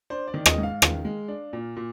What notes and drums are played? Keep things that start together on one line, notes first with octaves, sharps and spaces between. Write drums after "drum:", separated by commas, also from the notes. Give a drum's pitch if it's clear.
D4 C5
D5
D#3
D#5, drum: rim click
G#2
F5
D#3, drum: rim click
G#3
D4
A#2
A#2